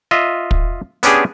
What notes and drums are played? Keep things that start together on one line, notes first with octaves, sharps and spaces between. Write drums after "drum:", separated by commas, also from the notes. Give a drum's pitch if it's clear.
F4 D#5 E5
drum: kick
B3 C#4 D4 G4 G#4, drum: hi-hat